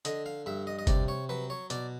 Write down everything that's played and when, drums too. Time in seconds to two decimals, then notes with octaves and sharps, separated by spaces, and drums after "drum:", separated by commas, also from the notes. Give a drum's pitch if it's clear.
0.05 D3 D#5, drum: hi-hat
0.26 F5
0.46 G2 E5
0.67 D#5
0.79 D#5
0.87 C3 D5, drum: kick G1, hi-hat
1.08 C#5
1.29 F#3 B4
1.50 C#5
1.70 B2 D5, drum: hi-hat